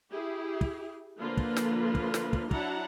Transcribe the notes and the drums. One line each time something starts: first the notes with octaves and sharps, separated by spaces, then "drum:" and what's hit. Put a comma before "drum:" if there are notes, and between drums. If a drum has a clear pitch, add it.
E4 G4 G#4
drum: kick
D3 F3 A#3 F4 B4
drum: kick
drum: snare
drum: kick
drum: snare
drum: kick
F#3 D4 E4 F#5 A5 A#5, drum: kick